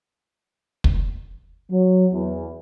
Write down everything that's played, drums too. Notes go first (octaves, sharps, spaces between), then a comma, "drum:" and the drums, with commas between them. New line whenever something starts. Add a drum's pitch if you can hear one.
drum: kick
F#3
E2